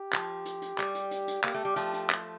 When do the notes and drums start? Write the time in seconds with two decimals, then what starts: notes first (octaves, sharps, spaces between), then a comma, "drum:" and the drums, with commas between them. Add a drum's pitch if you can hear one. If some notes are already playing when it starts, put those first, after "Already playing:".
Already playing: G4
0.13 F3, drum: clap
0.45 drum: hi-hat
0.62 drum: hi-hat
0.78 G3, drum: clap
0.95 drum: hi-hat
1.11 drum: hi-hat
1.27 drum: hi-hat
1.44 A#3 G4, drum: clap
1.54 A3
1.65 G3
1.76 F3 A3, drum: hi-hat
1.93 drum: hi-hat
2.10 drum: clap